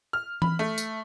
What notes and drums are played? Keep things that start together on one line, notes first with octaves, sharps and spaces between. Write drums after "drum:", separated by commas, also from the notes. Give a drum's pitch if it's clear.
F6
B5, drum: tom E3
A3
drum: tambourine